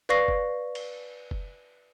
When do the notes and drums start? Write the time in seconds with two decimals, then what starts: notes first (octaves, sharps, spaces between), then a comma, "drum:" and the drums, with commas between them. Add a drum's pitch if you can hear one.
0.09 B4 D5 F5 C#6 A#6 C7
0.28 drum: kick F1
0.75 drum: cymbal
1.31 drum: kick F1